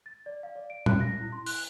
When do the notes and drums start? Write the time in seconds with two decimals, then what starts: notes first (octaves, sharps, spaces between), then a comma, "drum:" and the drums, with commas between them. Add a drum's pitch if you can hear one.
0.06 A6
0.26 D5
0.43 F5
0.56 D5
0.70 D7
0.86 F#6, drum: tom
1.01 A#6
1.21 E4
1.32 C6
1.46 F#6, drum: open hi-hat